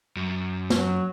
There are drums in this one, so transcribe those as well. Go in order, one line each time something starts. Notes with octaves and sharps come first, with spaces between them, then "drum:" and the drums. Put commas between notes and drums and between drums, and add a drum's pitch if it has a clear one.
F#2
F#3, drum: snare